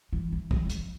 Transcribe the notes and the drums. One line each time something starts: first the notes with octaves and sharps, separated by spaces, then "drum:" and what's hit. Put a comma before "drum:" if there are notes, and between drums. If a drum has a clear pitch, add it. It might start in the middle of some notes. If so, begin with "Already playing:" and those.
E3
E3
F3, drum: kick
F#3
F3, drum: hi-hat